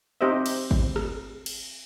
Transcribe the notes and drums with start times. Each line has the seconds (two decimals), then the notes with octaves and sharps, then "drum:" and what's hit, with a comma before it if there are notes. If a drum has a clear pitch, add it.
0.21 C4 D#4 G4 C5 D#5 E5
0.46 drum: cymbal
0.71 drum: kick
0.96 drum: rim click
1.46 drum: cymbal